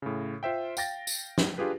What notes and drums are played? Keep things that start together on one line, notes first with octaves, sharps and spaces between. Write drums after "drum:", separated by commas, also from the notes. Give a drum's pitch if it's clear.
A2 C#3
F4 C5 E5 G5
F5 G5 A6 A#6, drum: tambourine
drum: tambourine
drum: snare
D4 F4 G4 G#4 B4